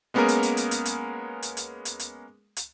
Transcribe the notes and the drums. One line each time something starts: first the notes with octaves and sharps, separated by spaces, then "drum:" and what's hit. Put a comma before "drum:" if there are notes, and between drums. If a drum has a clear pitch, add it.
G#3 A#3 B3 C#4 G#4 A#4
drum: hi-hat
drum: hi-hat
drum: hi-hat
drum: hi-hat
drum: hi-hat
drum: hi-hat
drum: hi-hat
drum: hi-hat
drum: hi-hat
drum: hi-hat